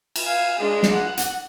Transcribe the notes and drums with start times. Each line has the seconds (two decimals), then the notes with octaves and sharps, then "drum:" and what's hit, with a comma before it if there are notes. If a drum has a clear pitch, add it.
0.16 drum: cymbal
0.25 F5 G#5
0.58 G#3 D4
0.83 drum: snare
0.92 F#5
1.17 drum: hi-hat